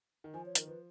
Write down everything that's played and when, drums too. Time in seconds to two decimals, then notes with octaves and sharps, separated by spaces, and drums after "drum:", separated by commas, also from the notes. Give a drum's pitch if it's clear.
0.24 D#3
0.34 F3 G#5
0.46 C#5
0.55 D#3 A#4, drum: hi-hat
0.67 F3 B4